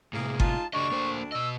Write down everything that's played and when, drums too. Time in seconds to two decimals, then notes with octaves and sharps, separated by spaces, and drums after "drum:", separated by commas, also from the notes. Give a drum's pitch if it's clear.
0.13 A2 C3 E3 A#3 G#4
0.40 G#3 D#4 F4 A5, drum: kick G1
0.73 D2 C#3 D4 G4 D#5 C#6
0.91 A#3 C5
1.32 B2 D#5 E6